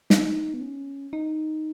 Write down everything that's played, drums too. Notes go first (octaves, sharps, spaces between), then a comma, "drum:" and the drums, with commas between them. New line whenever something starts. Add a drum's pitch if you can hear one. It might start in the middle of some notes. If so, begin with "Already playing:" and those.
D#4, drum: snare
B3
C#4
D#4